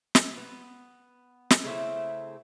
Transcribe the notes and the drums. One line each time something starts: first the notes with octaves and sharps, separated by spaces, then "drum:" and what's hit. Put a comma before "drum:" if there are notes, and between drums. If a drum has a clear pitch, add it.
drum: snare
B3
drum: snare
C#3 A3 C4 E4